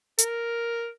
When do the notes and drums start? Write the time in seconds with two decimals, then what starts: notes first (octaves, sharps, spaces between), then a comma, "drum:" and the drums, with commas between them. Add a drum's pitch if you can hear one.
0.18 A#4, drum: hi-hat